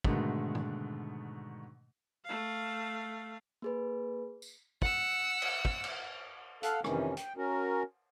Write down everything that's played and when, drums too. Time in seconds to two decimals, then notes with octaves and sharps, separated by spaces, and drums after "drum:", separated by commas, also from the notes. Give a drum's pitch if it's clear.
0.04 G#2 B2 D3 D#3 A3, drum: kick
0.55 drum: tom G#2
2.25 A3 F5
3.62 A#3 G#4 B4
4.42 drum: tambourine
4.82 F#5 E6, drum: kick
5.42 drum: cymbal
5.65 drum: kick
5.84 drum: cymbal
6.63 A4 F5 F#5, drum: hi-hat
6.84 F2 C3 D#3 E3 C#4, drum: rim click
7.17 G5, drum: hi-hat
7.37 C#4 F#4 A#4